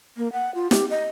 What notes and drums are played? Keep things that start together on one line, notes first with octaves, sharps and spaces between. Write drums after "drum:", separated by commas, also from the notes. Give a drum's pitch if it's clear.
A#3
F#5
F4
G4, drum: snare
D#5